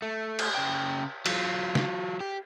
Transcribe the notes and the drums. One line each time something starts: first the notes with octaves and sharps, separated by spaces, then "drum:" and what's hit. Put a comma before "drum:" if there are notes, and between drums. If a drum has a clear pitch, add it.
A3
drum: cymbal
C#3 G5
F#3 F4, drum: cymbal
drum: snare
G4